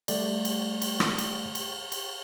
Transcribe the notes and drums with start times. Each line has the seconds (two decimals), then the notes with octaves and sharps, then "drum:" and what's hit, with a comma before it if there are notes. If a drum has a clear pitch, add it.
0.08 G3 A3 D5, drum: cymbal
0.45 drum: cymbal
0.82 drum: cymbal
1.00 drum: rim click
1.18 drum: cymbal
1.55 drum: cymbal
1.92 drum: cymbal